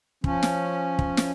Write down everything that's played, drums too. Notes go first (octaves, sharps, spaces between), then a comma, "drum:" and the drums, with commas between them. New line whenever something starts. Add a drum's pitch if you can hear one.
F3 C#4, drum: kick
drum: snare
drum: kick
drum: snare